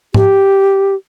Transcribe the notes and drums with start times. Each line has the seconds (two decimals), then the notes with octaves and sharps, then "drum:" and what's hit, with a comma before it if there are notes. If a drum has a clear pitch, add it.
0.14 G4, drum: tom G#2